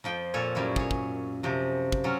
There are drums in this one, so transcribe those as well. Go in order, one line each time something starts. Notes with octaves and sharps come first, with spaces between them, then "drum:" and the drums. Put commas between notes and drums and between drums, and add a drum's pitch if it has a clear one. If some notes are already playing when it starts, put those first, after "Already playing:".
F2 F3 G5
A#2 A4 C#5 G#5
F#2 G3 E4 C#5
G#4 C#5, drum: kick
drum: kick
F#2 C3 F3
drum: kick
F#3 C#4 F4